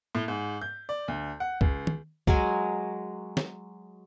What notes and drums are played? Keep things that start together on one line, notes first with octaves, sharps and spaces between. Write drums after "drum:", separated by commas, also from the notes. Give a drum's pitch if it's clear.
A2
G#2
G6
D5
D2
F#5
C#2, drum: kick
drum: tom
F#3 G#3 A#4 G#5, drum: kick
drum: snare